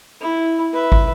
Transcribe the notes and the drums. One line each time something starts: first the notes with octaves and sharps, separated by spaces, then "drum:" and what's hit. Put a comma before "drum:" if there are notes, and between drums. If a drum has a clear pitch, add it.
E4
B4 E5
drum: kick